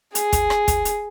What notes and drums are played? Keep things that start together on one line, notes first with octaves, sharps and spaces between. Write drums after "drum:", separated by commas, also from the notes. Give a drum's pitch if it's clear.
G#4, drum: hi-hat
drum: kick, hi-hat
drum: rim click
drum: kick, hi-hat
drum: hi-hat